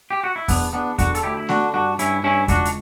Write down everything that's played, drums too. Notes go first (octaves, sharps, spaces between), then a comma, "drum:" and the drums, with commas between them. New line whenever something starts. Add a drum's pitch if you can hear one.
G4
F#4
E4
E2 B3 D4, drum: kick E2, open hi-hat
E2 B3 D4
D3 D4 F#4, drum: kick E2, hi-hat
A4, drum: hi-hat
D2 E4 G4
E4
D3 D4 F#4, drum: snare A3
G2 D4 F#4
G2 C#4 E4, drum: hi-hat
G2 C#4 E4
C#2 D4 F#4, drum: kick E2, hi-hat
drum: hi-hat